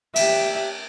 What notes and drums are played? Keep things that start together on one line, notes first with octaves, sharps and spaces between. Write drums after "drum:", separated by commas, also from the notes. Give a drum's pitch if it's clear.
G4 E5, drum: cymbal